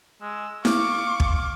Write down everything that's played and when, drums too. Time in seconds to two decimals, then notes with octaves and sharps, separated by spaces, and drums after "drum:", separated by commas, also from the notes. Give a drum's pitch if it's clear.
0.22 G#3 E6
0.65 F5 C#6 D6, drum: snare E4
1.20 drum: kick